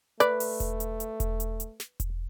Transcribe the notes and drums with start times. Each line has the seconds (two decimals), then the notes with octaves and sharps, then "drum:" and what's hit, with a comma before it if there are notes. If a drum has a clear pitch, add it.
0.20 A3 B4 D5, drum: hi-hat
0.40 drum: open hi-hat
0.60 drum: kick E1, hi-hat
0.80 drum: hi-hat
1.00 drum: hi-hat
1.20 drum: kick E1, hi-hat
1.40 drum: hi-hat
1.60 drum: hi-hat
1.80 drum: snare
2.00 drum: kick E1, hi-hat